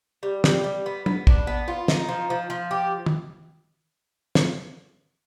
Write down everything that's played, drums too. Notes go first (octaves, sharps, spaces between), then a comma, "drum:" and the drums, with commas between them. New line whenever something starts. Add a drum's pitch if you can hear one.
G3
G3, drum: snare
G3
B3
B3, drum: tom
D4, drum: kick
B3
F4
D#4, drum: snare
F3
F3
F3
G4
drum: tom
drum: snare